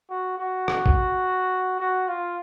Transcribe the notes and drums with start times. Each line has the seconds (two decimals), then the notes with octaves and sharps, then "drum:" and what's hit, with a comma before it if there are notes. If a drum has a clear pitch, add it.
0.10 F#4
0.38 F#4
0.68 drum: rim click
0.86 drum: kick
1.80 F#4
2.08 F4